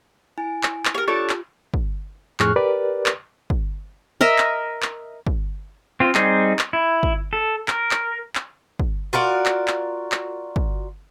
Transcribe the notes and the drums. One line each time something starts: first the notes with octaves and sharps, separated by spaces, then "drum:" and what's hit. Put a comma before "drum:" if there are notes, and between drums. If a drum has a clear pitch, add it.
E4 G#5
drum: clap
drum: clap
G4 A#4 C#5
D4 F4 A4 C#5
drum: clap
drum: kick
F2 A2 G#4 C#6 F6 F#6, drum: clap
G4 A#4 B4 D5
drum: clap
drum: kick
A#4 D#5 E5
drum: clap
drum: clap
drum: kick
C4 F4
G3 C4 D#4 G#4, drum: clap
drum: clap
E4
drum: kick
A4
A#4, drum: clap
drum: clap
drum: clap
drum: kick
F4 F#4 A#4 D5
drum: clap
drum: clap
drum: clap
drum: kick